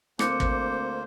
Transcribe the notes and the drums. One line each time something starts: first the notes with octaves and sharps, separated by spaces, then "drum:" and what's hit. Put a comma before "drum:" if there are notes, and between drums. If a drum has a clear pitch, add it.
D2 A#3 C4 C5 D6 C#7, drum: rim click
drum: kick